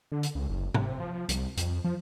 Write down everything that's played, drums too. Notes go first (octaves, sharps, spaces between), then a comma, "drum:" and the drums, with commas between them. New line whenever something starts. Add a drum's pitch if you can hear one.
D3
drum: hi-hat
C#2
F#1
C3, drum: tom G#2
F3
C2, drum: hi-hat
F2, drum: hi-hat
F3